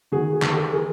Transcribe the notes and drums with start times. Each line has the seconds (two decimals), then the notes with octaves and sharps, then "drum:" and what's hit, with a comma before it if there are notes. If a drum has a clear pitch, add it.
0.12 D#3 F#4 G#4
0.32 F#4 G#4
0.42 D#3, drum: clap
0.53 G4 A4
0.73 E3 G#4 A#4